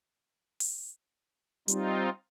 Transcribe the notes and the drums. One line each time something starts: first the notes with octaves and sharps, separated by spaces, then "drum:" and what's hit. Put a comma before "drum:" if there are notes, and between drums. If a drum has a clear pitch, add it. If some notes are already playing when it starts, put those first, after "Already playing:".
drum: open hi-hat
G3 C4 D#4 F4, drum: hi-hat